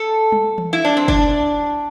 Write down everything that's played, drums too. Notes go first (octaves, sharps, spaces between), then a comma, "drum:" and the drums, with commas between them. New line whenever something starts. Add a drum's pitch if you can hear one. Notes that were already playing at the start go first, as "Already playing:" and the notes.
Already playing: A4
drum: tom G3
drum: tom E3
E4
D4
C4
D4, drum: kick